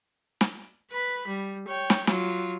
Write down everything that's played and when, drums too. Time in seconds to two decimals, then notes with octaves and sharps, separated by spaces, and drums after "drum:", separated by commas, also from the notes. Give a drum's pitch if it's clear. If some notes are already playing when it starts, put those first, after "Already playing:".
0.41 drum: snare
0.91 B4 B5
1.28 G3
1.68 C#5 G5
1.90 drum: snare
2.07 F#3 F4, drum: snare